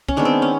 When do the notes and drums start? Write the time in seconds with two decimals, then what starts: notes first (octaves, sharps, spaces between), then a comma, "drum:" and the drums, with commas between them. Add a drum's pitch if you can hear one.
0.08 C#4, drum: kick
0.16 D#3 G#3 B3 D4
0.25 C4
0.42 C#4